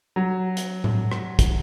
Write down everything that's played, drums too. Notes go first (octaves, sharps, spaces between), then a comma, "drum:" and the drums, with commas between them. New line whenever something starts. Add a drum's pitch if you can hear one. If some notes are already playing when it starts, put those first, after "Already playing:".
F#3
drum: hi-hat
drum: tom A2
drum: rim click
drum: kick, hi-hat